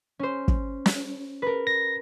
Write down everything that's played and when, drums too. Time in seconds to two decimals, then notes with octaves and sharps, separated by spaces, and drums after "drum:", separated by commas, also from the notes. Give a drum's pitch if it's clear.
0.19 C#4 C5
0.48 drum: kick
0.86 drum: snare
1.42 A#4 B4
1.67 A#6